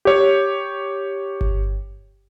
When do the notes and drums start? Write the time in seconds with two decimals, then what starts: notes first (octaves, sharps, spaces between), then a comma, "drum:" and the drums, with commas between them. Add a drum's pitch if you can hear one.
0.05 G4 C#5
1.41 drum: kick G1